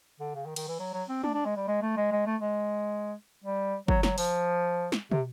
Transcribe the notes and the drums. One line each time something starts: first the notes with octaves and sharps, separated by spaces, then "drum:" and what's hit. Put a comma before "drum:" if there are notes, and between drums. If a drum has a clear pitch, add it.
D3
C#3
D#3
D#3, drum: cymbal
E3
F#3
F#3
C4
D4, drum: tom G#3
D4
G#3
G3
G#3
A3
G#3
G#3
A3
G#3
G3
F#3, drum: kick
F#3, drum: snare
F3, drum: open hi-hat
drum: snare
C3, drum: tom